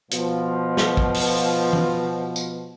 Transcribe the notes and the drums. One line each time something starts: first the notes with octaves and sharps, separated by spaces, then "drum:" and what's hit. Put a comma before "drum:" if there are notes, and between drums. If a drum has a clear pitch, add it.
B2 F3, drum: hi-hat
drum: snare
drum: kick
drum: open hi-hat
drum: tom E3
drum: tambourine